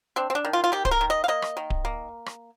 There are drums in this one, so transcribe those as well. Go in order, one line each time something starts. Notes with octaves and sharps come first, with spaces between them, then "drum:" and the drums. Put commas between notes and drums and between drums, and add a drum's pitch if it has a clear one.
C4 D4
C4
D4
D#3
F4
F4
D#3 G4
C5, drum: kick D1
A#4
D#3
D#5
F5
A#3 D#5
drum: rim click
D#3
drum: kick D1
A#3
drum: rim click